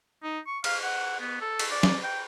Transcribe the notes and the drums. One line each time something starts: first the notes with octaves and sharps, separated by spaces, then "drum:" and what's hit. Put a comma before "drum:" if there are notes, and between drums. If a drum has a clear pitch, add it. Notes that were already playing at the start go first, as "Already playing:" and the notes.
D#4
C#6
F5, drum: cymbal
F#5
B3
A4
drum: cymbal
D5
drum: snare
G5